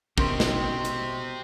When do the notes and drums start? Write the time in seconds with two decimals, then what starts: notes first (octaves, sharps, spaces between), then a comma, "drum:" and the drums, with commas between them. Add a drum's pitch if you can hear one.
0.18 B2 C4 C#4 G4 A#4 C6, drum: kick
0.40 drum: snare
0.85 drum: hi-hat